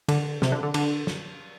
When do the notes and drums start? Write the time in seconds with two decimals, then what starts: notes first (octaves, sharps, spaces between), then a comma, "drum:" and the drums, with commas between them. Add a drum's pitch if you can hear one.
0.08 D3, drum: cymbal
0.42 C3, drum: snare
0.52 D3
0.63 D3
0.74 D3, drum: cymbal
1.07 drum: snare